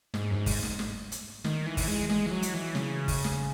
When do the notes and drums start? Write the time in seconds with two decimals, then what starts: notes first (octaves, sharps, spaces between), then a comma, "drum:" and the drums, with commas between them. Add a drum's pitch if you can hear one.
0.14 G#2, drum: snare
0.31 F#2
0.36 G#2
0.46 drum: kick G1, open hi-hat
0.63 drum: snare
0.79 drum: snare
1.12 drum: hi-hat
1.44 D#3, drum: snare
1.66 E3
1.77 drum: kick G1, open hi-hat
1.88 G#3
2.10 G#3, drum: snare
2.26 E3
2.31 F#3
2.42 drum: hi-hat
2.54 E3
2.75 C#3, drum: snare
3.08 drum: kick G1, open hi-hat
3.24 drum: snare